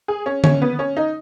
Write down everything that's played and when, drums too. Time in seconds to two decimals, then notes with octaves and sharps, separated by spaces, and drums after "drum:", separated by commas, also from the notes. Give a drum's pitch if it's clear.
0.08 G#4
0.26 C#4
0.44 C#4, drum: tom D3
0.62 B3
0.79 C#4
0.97 D#4